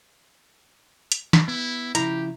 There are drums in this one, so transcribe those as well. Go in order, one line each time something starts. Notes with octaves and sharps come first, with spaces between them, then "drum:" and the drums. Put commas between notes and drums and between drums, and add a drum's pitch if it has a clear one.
drum: hi-hat
drum: snare
B3 E4
C#3 F3 E4 G4 A#5, drum: hi-hat